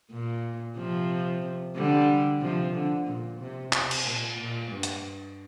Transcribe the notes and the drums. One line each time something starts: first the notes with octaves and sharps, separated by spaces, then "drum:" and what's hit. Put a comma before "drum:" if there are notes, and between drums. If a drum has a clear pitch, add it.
A#2
C3 F3
D3 G3
C3 F3
D3
A#2
C3
C3, drum: clap
drum: cymbal
A#2
A#2
G2
drum: hi-hat